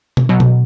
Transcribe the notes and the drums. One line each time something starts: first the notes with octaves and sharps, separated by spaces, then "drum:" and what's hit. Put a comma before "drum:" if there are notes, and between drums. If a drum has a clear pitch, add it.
drum: tom B2
B2 F#3
drum: tom B2